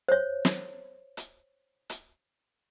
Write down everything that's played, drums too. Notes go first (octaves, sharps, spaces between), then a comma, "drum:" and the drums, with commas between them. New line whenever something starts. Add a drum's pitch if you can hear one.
C5 C#5
drum: snare
drum: hi-hat
drum: hi-hat